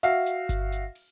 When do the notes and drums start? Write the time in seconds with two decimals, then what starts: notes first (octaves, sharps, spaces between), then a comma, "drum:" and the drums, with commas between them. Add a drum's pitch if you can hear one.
0.03 F#4 E5 F5, drum: hi-hat
0.26 drum: hi-hat
0.49 drum: kick G1, hi-hat
0.72 drum: hi-hat
0.95 drum: open hi-hat